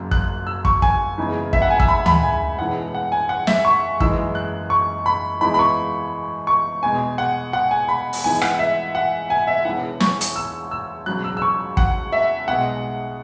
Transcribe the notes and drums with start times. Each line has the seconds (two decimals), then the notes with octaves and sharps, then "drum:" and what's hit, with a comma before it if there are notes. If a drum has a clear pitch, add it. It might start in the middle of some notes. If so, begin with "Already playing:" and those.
Already playing: F#1 F#2 F#3
0.11 F#6, drum: kick
0.47 E6
0.65 C#6, drum: kick
0.82 G#5, drum: kick
1.18 F#1 E2 C#3 E3 G#3
1.53 E5, drum: kick
1.62 F#5
1.71 G#5
1.80 E6, drum: kick
1.88 B5
2.06 B5, drum: tom D2
2.23 G#5
2.59 E1 E2 E3 G#3 F#5
2.95 F#5
3.12 G#5
3.29 F#5
3.47 E5, drum: snare
3.65 C#6
4.00 F#1 F#2 E3 G#3 E6, drum: kick
4.35 F#6
4.70 C#6
5.06 B5
5.41 E2 E3 G#3 B5
5.54 B5
5.59 C#6
6.47 C#6
6.83 E2 B2 G#3 G#5
7.18 F#5
7.53 F#5
7.71 G#5
7.89 B5
8.13 drum: open hi-hat
8.24 E2 E3 G#3 G#5
8.42 F#5, drum: rim click
8.59 E5
8.95 F#5
9.30 G#5
9.47 E5
9.65 E1 E2 E3 F#5
10.00 C#6, drum: snare
10.21 drum: hi-hat
10.36 E6
10.71 E6
11.06 E1 E2 C#3 F#3 F#6
11.24 E6
11.37 E6
11.42 C#6
11.77 F#5, drum: kick
12.13 E5
12.48 B1 B2 G#3 F#5